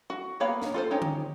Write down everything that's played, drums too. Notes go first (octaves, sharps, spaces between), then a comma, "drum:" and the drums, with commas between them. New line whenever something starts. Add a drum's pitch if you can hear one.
F#4
A#3 B3 C#5 F5 B5
drum: snare
F4 A4 C5
C#4 D#4 G4 C#5
drum: tom D3